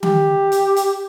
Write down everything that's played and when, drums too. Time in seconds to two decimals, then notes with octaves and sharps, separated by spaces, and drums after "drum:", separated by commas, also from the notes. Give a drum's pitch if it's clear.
0.03 G4, drum: tom D#3
0.52 drum: hi-hat
0.76 drum: hi-hat